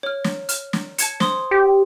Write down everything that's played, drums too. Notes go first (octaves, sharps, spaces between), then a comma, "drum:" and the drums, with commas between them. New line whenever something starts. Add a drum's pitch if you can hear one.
C#5 F6
drum: snare
F6, drum: hi-hat
drum: snare
A5 G#6 C#7, drum: hi-hat
C5 C6 D#6, drum: snare
G4